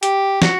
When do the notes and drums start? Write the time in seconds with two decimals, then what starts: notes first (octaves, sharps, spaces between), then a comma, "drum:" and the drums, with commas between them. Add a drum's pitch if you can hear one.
0.03 G4, drum: hi-hat
0.42 F#4, drum: snare